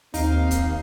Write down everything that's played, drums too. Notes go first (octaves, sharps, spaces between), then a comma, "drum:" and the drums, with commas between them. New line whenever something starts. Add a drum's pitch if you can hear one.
D#2 C4 D#4 F5, drum: open hi-hat
drum: kick, hi-hat